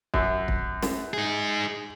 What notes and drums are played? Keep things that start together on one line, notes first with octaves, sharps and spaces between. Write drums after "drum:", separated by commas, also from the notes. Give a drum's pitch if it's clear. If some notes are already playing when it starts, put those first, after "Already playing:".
F#2, drum: kick
drum: kick
drum: snare
D#4 G#4